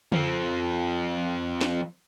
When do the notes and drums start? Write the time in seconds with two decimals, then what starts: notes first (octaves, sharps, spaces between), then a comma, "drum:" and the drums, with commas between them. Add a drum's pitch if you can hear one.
0.12 F3 C4, drum: tom C#3
1.61 drum: snare